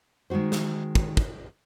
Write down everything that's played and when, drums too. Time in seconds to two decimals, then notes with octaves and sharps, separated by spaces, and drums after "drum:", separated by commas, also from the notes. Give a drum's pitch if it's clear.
0.30 D#3 G#3 D#4 F#4 C5
0.52 drum: snare
0.95 drum: kick
1.17 drum: kick